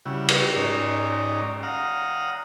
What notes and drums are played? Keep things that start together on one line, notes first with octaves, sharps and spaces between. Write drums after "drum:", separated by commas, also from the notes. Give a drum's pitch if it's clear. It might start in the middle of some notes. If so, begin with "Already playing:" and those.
C#3 G3 E4 F#4
drum: cymbal
G#2 C#4 D#4 D5 A#5
F5 F#5 A#5 D#6